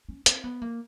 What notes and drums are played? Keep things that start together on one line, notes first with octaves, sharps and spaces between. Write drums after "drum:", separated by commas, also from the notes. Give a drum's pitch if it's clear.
C#4
C4, drum: hi-hat
B3
A#3